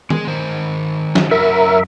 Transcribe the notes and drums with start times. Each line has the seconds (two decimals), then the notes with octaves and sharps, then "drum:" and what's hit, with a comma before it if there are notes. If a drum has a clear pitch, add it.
0.10 G#3 G#4, drum: tom D#3
0.27 D#3 C5
1.15 drum: snare
1.31 F#2 E4 F#4 A#4 E5